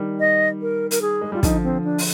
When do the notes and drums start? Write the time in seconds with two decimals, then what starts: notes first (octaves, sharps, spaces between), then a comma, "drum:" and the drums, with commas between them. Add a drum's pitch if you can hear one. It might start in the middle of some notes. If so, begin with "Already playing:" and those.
Already playing: D#3 G3
0.20 D#5
0.61 A#4
0.91 A#4, drum: hi-hat
1.02 G#4
1.21 G#3
1.32 G3 F4
1.43 D3 F3 D#4, drum: kick, hi-hat
1.64 C4
1.84 D4
1.98 drum: open hi-hat